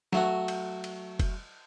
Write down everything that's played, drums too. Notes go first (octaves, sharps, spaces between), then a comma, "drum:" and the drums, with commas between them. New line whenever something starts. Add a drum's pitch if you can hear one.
F#3 A3 F#4, drum: snare
drum: cymbal
drum: cymbal
drum: kick F1, cymbal